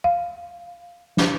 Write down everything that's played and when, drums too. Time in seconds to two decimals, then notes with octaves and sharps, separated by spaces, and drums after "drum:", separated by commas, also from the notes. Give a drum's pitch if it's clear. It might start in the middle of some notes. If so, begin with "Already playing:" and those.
0.04 F5
1.17 drum: snare